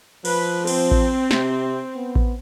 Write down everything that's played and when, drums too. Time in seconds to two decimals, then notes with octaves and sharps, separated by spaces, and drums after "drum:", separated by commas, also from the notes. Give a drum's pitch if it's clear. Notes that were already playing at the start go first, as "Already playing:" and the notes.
0.25 F3 B4, drum: cymbal
0.67 C4, drum: cymbal
0.91 drum: kick A1
1.31 C3, drum: snare
1.96 B3
2.16 drum: kick A1